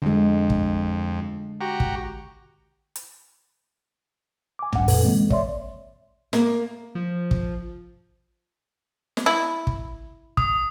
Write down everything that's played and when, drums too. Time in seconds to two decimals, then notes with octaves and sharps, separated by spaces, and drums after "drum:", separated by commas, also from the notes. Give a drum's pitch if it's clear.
0.02 F2 D3 G#3
0.50 drum: kick
1.61 F#4 G4 A#5
1.80 drum: kick
2.96 drum: hi-hat
4.59 G#5 D6
4.72 G1 C2 G#2 F#5, drum: tom
4.88 F#2 A#2 A4 B4, drum: open hi-hat
5.03 D3 E3 G#3 A#3 C4
5.30 C#5 D5 E5 C6, drum: kick
6.33 A#3, drum: snare
6.95 F3
7.31 drum: kick
9.17 drum: snare
9.26 E4
9.67 drum: kick
10.37 D#6, drum: kick